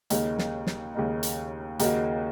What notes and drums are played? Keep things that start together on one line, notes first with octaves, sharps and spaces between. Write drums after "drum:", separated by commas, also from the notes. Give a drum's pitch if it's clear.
D#2 C#3 A#3 D#4, drum: hi-hat
drum: snare
drum: snare
D#2 C#3 A#3 D#4
drum: hi-hat
D#2 C#3 A#3 D#4 F#4, drum: hi-hat